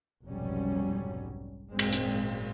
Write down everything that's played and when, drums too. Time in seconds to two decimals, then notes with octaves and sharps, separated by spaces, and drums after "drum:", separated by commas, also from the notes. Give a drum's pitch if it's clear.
0.24 F1 B1 G#2 F#3 G3 C#4
1.70 G#1 F#2 A#2 G#3 C4
1.79 drum: cymbal
1.93 drum: hi-hat